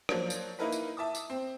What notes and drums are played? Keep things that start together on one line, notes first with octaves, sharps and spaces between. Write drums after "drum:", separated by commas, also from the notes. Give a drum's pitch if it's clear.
F3 F#3 A#3 D4, drum: rim click
drum: tambourine
A#3 D#4 E4 A#4 B4
drum: tambourine
E5 A5 D6 D#6
drum: tambourine
C4